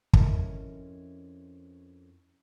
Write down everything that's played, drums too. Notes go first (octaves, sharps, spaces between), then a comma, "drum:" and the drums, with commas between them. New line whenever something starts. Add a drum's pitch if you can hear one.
F2 C#4 E4 A#4 D#5, drum: kick